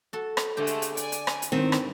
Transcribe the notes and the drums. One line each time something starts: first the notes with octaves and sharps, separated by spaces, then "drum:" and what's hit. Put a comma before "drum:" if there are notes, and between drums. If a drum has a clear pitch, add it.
F#4 A4
drum: rim click
D3 G#3 A3 G4 G5
drum: hi-hat
drum: hi-hat
D5 G#5, drum: hi-hat
drum: hi-hat
drum: rim click
drum: hi-hat
G2 D#3 C4
drum: rim click